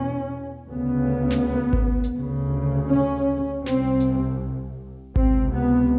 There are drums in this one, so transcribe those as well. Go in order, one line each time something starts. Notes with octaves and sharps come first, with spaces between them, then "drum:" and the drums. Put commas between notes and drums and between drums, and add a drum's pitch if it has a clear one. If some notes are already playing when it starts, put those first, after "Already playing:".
Already playing: E2 B2 C#4
D2 C#3 B3
drum: snare
drum: kick G#1
drum: hi-hat
D2 C#3
C#4
C2 C3 C4, drum: snare
drum: hi-hat
C#2 C3 C4, drum: kick G#1
B3